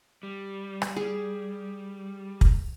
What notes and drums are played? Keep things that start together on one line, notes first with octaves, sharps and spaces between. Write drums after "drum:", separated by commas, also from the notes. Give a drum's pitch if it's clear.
G3
drum: rim click
G#4
drum: kick